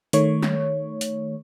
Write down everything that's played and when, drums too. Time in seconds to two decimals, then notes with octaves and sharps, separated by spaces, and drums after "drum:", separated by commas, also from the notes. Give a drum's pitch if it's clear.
0.13 D#3 A3 C#5, drum: hi-hat
0.43 drum: snare
1.01 drum: hi-hat